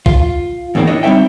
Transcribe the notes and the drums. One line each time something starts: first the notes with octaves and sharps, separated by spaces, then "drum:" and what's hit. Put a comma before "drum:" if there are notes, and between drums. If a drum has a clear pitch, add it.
F4, drum: kick
E2 A2 D#3 A#3 C4
D4 E4 C#5 D#5
G3 C4 D#4 C#5 E5 G5